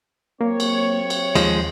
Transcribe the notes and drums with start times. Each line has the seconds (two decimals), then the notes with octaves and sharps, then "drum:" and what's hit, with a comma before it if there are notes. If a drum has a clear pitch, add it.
0.41 F#3 A#3 C4 C#5
0.60 drum: cymbal
1.10 drum: cymbal
1.35 D#2 F3 G#3, drum: cymbal